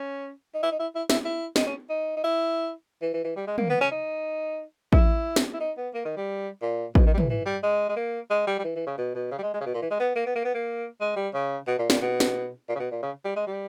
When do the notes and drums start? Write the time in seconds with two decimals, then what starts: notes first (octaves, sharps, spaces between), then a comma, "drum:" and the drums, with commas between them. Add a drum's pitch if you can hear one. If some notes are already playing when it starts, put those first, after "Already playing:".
Already playing: C#4
0.54 D#4
0.63 E4
0.71 D#4
0.80 E4
0.95 E4
1.10 E4, drum: snare
1.25 E4
1.56 D#4, drum: snare
1.67 C#4
1.89 D#4
2.16 D#4
2.23 E4
3.01 E3
3.13 E3
3.24 E3
3.36 G3
3.47 G#3
3.58 A#3, drum: tom
3.69 B3
3.81 C#4
3.91 D#4
4.93 E4, drum: kick A1
5.36 drum: snare
5.53 E4
5.60 D#4
5.77 B3
5.94 A#3
6.05 D#3
6.17 G3
6.61 A#2
6.95 B2, drum: kick A1
7.06 D#3
7.14 G3
7.18 E3, drum: tom
7.29 E3
7.45 G3
7.63 G#3
7.89 G#3
7.96 A#3
8.30 G#3
8.47 G3
8.59 G3
8.64 E3
8.75 E3
8.86 C#3
8.98 B2
9.14 B2
9.31 C#3
9.38 G3
9.43 G#3
9.54 G#3
9.60 C#3
9.66 B2
9.74 A#2
9.82 E3
9.90 G#3
9.99 B3
10.15 A#3
10.26 B3
10.35 A#3
10.44 B3
10.54 A#3
11.00 G#3
11.16 G3
11.34 C#3
11.67 B2
11.79 A#2
11.90 A#2, drum: snare
12.01 B2
12.20 drum: snare
12.69 A#2
12.75 C#3
12.79 B2
12.91 A#2
13.02 C#3
13.25 G3
13.36 G#3
13.47 G3